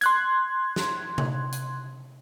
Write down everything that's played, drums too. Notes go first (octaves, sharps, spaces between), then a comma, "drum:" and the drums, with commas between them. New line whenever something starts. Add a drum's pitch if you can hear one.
C6 F#6 G#6, drum: hi-hat
drum: snare
drum: tom C3
drum: hi-hat